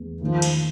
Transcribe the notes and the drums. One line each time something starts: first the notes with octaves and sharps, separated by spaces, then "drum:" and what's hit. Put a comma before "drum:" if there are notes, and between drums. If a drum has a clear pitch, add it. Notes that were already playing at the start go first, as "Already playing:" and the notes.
Already playing: E2
D#3 F3
drum: cymbal